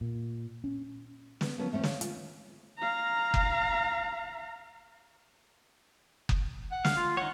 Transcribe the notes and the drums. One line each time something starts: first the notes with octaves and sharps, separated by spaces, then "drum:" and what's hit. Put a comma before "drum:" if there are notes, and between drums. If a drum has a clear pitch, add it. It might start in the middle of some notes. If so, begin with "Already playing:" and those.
A#2
C#4
B3, drum: snare
F3 F#3 A#3 B3 C#4
E2 A3 C4 C#4
C#5 F5, drum: snare
F4, drum: hi-hat
F5 A#5
drum: kick F#1
drum: kick F#1
F#5
F5, drum: snare
F4
D#4 C#5 F#5